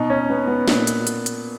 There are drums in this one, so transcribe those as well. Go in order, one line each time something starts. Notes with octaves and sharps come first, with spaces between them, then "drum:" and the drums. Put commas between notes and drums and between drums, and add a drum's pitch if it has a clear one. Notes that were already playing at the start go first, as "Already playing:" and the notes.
Already playing: B2 D#4
C#4
B3
B3
A#2 B3, drum: snare
drum: hi-hat
drum: hi-hat
drum: hi-hat